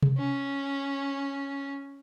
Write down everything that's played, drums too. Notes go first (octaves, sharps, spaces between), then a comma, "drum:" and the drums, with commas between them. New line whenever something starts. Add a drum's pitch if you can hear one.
drum: tom C3
C#4